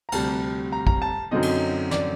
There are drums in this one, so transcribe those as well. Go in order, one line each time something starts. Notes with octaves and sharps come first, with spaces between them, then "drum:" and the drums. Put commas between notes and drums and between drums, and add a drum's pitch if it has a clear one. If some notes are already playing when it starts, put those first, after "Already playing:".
A#5
D2 C3 G3 A5, drum: cymbal
A#5
A#5, drum: kick
A5
F#2 D3 F#3 C4 D#4 D#5
drum: cymbal
D5, drum: snare